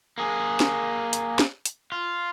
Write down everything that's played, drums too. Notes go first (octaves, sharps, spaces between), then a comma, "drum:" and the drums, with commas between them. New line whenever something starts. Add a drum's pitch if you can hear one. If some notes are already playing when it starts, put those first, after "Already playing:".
A#3 G#4
drum: snare
drum: hi-hat
drum: snare
drum: hi-hat
F4